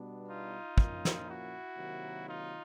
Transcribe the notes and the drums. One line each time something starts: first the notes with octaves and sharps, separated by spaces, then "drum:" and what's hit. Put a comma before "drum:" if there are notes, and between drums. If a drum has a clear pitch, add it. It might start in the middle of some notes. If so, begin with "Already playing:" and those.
Already playing: B2 G3 B3 D4
D#4 F4
A#2 F3 A#3 C#4, drum: kick
drum: snare
E4 F#4
C3 D#3 F#3 A#3
D#4 F4